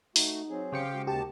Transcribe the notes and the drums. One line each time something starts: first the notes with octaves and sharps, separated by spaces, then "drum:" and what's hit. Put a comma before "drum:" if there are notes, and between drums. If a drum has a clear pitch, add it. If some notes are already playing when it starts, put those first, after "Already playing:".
A3 D#4 F#4, drum: open hi-hat
F#3 C4 G#4
C#3 G4 C5 F5 G5 C#7
G#3 F#4
D#2 G4 A5